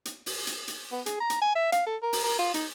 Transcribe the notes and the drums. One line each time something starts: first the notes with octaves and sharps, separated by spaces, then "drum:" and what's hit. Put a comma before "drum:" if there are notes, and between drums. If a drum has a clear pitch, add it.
drum: hi-hat
drum: open hi-hat
drum: hi-hat
drum: hi-hat
B3
G#4, drum: hi-hat
A#5
drum: hi-hat
G#5
E5
F5, drum: hi-hat
A4
A#4
drum: open hi-hat
A#4
F4
D#4, drum: hi-hat